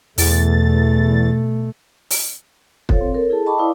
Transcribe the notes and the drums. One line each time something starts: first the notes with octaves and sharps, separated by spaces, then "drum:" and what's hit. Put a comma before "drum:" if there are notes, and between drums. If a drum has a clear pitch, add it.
E2 B2 A3 A6, drum: open hi-hat
drum: open hi-hat
F4 A4 C5 C#5 F5, drum: kick
C4
A4 A#4 C#5
E4 G#4 A4 A5
D#5 G5 A5 B5 C#6 D6
E4 B4 D5 F5 D6 D#6